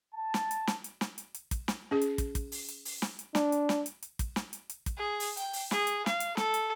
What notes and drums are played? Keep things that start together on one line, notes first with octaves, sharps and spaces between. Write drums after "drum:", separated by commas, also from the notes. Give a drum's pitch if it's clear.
A5
drum: snare
drum: hi-hat
drum: snare
drum: hi-hat
drum: snare
drum: hi-hat
drum: hi-hat
drum: kick, hi-hat
drum: snare
C#4 G#4
drum: hi-hat
drum: kick, hi-hat
drum: kick, hi-hat
drum: open hi-hat
drum: hi-hat
drum: open hi-hat
drum: snare
drum: hi-hat
D4, drum: snare
drum: hi-hat
drum: snare
drum: hi-hat
drum: hi-hat
drum: kick, hi-hat
drum: snare
drum: hi-hat
drum: hi-hat
drum: kick, hi-hat
G#4
drum: open hi-hat
G5, drum: hi-hat
drum: open hi-hat
G#4, drum: snare
drum: hi-hat
F5, drum: snare
drum: hi-hat
A4, drum: snare
drum: hi-hat